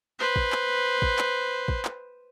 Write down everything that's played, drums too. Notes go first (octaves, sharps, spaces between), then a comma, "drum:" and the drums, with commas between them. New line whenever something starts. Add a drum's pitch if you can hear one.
B4 C5
drum: kick
drum: clap
drum: kick
drum: clap
drum: kick
drum: clap